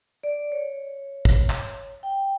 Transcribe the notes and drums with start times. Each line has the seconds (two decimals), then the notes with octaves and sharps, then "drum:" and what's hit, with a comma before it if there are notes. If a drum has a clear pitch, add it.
0.23 D5
0.52 C#5
1.25 drum: kick
1.50 drum: clap
2.03 G5